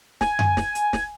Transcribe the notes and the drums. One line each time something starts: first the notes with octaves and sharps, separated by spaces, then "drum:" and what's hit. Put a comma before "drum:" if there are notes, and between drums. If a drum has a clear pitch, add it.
G#5, drum: snare
drum: tom F#2
drum: snare
drum: hi-hat
drum: snare